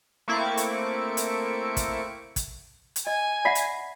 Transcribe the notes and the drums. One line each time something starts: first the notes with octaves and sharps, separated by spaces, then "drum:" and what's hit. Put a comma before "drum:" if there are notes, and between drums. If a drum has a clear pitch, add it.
A3 A#3 C4 E4 C#6 D6
drum: hi-hat
drum: hi-hat
drum: kick, hi-hat
drum: kick, hi-hat
drum: hi-hat
D#5 G#5
D5 E5 F#5 B5 B6 C7
drum: hi-hat